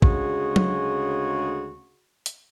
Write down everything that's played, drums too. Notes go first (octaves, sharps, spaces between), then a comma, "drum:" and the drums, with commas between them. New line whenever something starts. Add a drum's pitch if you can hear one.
D2 C#3 G#3 F#4 G#4, drum: kick A1
drum: tom F#3
drum: hi-hat